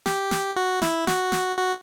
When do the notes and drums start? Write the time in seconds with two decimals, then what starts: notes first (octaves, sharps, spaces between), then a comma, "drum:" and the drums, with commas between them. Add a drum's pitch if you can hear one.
0.06 G4, drum: snare
0.31 drum: snare
0.56 F#4
0.82 E4, drum: snare
1.07 F#4, drum: snare
1.32 drum: snare
1.57 F#4